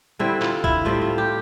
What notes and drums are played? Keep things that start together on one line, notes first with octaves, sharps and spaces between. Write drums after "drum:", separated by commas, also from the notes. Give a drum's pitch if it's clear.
D3 G3 C4 E4
F4, drum: clap
E4, drum: kick
A2 G3 C4 F4
F4
G4